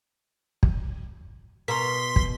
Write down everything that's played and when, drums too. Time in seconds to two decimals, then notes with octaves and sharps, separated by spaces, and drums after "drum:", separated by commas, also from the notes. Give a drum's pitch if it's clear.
0.63 drum: kick
1.68 B2 A#4 C6 B6
2.16 drum: kick